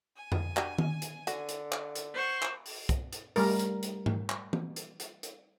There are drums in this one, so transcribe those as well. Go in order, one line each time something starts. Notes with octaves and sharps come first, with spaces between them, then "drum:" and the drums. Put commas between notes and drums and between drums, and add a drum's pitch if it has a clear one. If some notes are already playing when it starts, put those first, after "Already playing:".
G#5
drum: tom F2
D4 F#4 G4, drum: clap
drum: tom D#3
drum: hi-hat
D3 F#4, drum: hi-hat
drum: hi-hat
drum: clap
drum: hi-hat
C5 F#5 C#6
drum: clap
drum: open hi-hat
drum: kick, hi-hat
drum: hi-hat
G3 A3 A#4, drum: open hi-hat
drum: hi-hat
drum: hi-hat
drum: tom G#2
drum: clap
drum: tom E3
drum: hi-hat
drum: hi-hat
drum: hi-hat